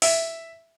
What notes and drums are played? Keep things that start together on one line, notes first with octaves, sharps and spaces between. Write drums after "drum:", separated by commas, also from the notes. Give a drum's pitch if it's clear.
E5, drum: open hi-hat